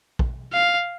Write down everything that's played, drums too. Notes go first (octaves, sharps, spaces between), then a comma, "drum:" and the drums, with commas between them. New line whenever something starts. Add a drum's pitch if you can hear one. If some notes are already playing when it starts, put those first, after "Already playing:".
drum: kick
F5